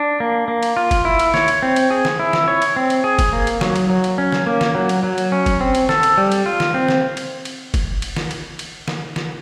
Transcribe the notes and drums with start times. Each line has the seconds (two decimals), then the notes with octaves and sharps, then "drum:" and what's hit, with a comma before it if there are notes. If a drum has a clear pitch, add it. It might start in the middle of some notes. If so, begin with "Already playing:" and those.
Already playing: D4
0.20 A#3
0.48 A#3
0.63 drum: cymbal
0.77 F4
0.91 drum: kick, cymbal
1.05 E4
1.19 drum: cymbal
1.34 C#5, drum: snare
1.48 drum: cymbal
1.62 C4
1.76 drum: cymbal
1.91 G#4
2.05 drum: snare
2.19 E4
2.33 drum: snare
2.48 C#5
2.62 drum: cymbal
2.76 C4
2.90 drum: cymbal
3.04 G#4
3.19 drum: kick, cymbal
3.33 A#3
3.47 drum: cymbal
3.61 F#3, drum: snare
3.76 drum: cymbal
3.90 F#3
4.04 drum: cymbal
4.18 C#4
4.32 drum: snare
4.47 A#3
4.61 drum: snare
4.75 F#3
4.89 drum: cymbal
5.03 F#3
5.18 drum: cymbal
5.32 C#4
5.46 drum: kick, cymbal
5.61 C4
5.75 drum: cymbal
5.89 A4, drum: snare
6.03 drum: cymbal
6.18 G3
6.32 drum: cymbal
6.46 F4
6.60 drum: snare
6.74 C4
6.88 drum: snare
7.17 drum: cymbal
7.45 drum: cymbal
7.74 drum: kick, cymbal
8.02 drum: cymbal
8.16 drum: snare
8.31 drum: cymbal
8.59 drum: cymbal
8.88 drum: snare
9.16 drum: snare